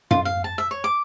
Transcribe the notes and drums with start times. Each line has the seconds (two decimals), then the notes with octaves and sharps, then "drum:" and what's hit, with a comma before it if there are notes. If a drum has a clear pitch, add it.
0.11 F4, drum: tom F#2
0.25 F5
0.44 A5
0.58 E5
0.71 C#5
0.84 D6